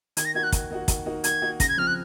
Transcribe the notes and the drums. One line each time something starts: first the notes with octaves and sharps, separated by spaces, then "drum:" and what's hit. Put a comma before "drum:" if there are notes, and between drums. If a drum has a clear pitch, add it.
D#3 G#6, drum: hi-hat
A#6
A#3 D#4 F#4 G#6
F#6
D#3, drum: kick, hi-hat
A#3 D#4 F#4
D#3, drum: kick, hi-hat
A#3 D#4 F#4
D#3 G#6, drum: hi-hat
A#3 D#4 F#4
C#3 A#6, drum: kick, hi-hat
G#6
F3 C4 F6
F#6